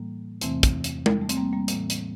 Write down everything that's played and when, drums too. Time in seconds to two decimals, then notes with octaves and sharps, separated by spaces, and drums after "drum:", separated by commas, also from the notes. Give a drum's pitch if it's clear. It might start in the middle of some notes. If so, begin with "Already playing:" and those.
Already playing: A2 E3 G3 A#3
0.41 E2 C3 E3 A3 C4, drum: hi-hat
0.63 drum: kick, hi-hat
0.84 drum: hi-hat
1.06 G3, drum: tom G#3
1.22 A3
1.29 C4, drum: hi-hat
1.37 G3 A#3
1.53 G3 A#3
1.68 A2 E3, drum: hi-hat
1.90 drum: hi-hat